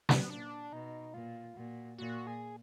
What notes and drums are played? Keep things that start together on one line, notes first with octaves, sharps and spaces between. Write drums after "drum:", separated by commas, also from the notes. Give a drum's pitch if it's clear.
B3, drum: snare
A#2 D4
B2 D#4
A#2 F4
A#2 F#4
A#2 F#4
G#4